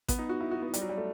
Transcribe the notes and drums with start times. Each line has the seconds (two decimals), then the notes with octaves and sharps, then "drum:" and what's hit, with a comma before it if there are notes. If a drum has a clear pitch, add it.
0.08 B3, drum: kick A1, hi-hat
0.19 D#4
0.29 F#4
0.41 E4
0.51 F#4
0.62 B3
0.74 G3, drum: hi-hat
0.82 F#3
0.89 G3
0.97 A3